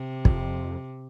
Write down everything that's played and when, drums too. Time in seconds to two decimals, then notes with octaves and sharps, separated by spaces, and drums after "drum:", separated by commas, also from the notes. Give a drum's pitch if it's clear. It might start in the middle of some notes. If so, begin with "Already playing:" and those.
Already playing: C3
0.25 F2, drum: kick